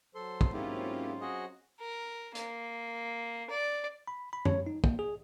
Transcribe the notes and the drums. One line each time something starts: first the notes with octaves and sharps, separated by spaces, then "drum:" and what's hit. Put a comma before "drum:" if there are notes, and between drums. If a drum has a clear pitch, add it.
F#3 A4 C5 C6
drum: kick
G#2 A#3 C4 C#4 E4 F4 G4
F#4 G#4 D#5
A#4
A#3, drum: hi-hat
D5
B5
B5
C#5, drum: tom F#2
D#4
A#3, drum: kick
G#4